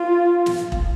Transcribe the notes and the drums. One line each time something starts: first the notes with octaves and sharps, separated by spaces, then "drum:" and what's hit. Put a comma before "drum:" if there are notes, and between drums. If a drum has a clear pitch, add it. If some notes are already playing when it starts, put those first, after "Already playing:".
Already playing: F4
drum: snare
drum: kick E1